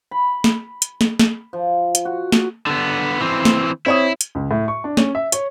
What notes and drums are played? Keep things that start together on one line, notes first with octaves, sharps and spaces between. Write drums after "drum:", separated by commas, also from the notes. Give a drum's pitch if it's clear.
B5
drum: snare
drum: hi-hat
drum: snare
drum: snare
F3
drum: hi-hat
F#4
drum: snare
D3 B3
E3 C4
drum: snare
C4 E4 C#5 D#6
drum: hi-hat
C#2
A2
C#6
D4
C#4, drum: snare
E5
C#5, drum: hi-hat